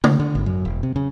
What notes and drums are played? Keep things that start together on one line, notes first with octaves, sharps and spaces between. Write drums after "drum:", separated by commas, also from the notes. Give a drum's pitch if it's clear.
D3, drum: tom C#3
D3
G#1
F#2
E1
C3
C#3